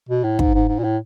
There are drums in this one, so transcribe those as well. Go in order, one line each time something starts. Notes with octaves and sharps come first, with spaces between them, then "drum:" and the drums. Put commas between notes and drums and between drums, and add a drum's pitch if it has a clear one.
B2
A2
G#2, drum: kick
G#2
G#2
A#2
A2